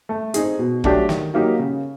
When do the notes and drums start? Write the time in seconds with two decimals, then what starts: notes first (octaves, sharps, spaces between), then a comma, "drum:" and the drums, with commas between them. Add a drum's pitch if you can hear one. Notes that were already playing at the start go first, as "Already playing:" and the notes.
0.09 A3
0.34 C4 D#4 G#4, drum: hi-hat
0.59 B2
0.84 F#3 A3 D4 G4, drum: kick
1.09 D#3, drum: snare
1.34 F#3 A#3 D#4 G4
1.59 C#3